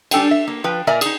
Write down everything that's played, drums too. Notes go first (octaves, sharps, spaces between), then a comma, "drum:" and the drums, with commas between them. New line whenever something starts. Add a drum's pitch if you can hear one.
G3 D4 A4 G5 G#5, drum: cymbal
E5
A#3
F3 B4 G5
A#2 A#4 D5 E5 G#5 A#5
D#4 G#4, drum: cymbal